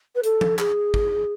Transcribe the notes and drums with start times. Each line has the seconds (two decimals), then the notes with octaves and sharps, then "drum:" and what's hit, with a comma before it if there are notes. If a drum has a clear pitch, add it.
0.15 B4
0.24 A4, drum: hi-hat
0.41 drum: tom F3
0.59 G#4, drum: clap
0.94 drum: kick